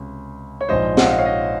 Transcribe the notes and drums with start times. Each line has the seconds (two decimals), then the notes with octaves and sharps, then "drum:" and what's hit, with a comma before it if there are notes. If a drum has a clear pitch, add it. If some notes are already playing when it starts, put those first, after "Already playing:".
Already playing: C#2 C3 C#4
0.61 C#5
0.69 A#1 G#2 F3 C5 D#5
0.97 F#5, drum: snare
1.05 F5
1.12 D#5
1.18 C#5 F5
1.26 D#5 F#5